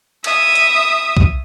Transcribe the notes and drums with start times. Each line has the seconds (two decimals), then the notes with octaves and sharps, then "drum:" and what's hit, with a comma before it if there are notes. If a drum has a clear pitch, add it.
0.24 E5 D#6, drum: cymbal
0.55 drum: hi-hat
1.17 drum: kick